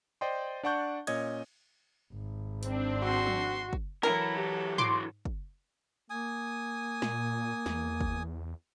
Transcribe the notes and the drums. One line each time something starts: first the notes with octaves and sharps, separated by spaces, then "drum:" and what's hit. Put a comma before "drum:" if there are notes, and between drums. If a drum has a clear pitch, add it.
C5 D5 D#5 G5 C6
D4 D5 F#5 A5 C#6 G6
A#2 C#4 C#5 D#5 D#6 G#6, drum: cymbal
G#1
C4 D4, drum: hi-hat
F#4 C6
drum: tom F3
drum: kick
E3 F#3 E4 A4 A#4 E5
B1 G4
E4 F#4 C6 D6, drum: tom G#2
drum: kick
A#3 G#5 D#6
A#2, drum: snare
E2, drum: snare
drum: kick